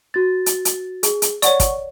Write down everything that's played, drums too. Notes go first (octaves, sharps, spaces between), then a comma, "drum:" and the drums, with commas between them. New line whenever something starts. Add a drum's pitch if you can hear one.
F#4 A6
drum: hi-hat
drum: hi-hat
G#4, drum: hi-hat
drum: hi-hat
C#5 D5 F#5 C#6, drum: hi-hat
drum: kick, hi-hat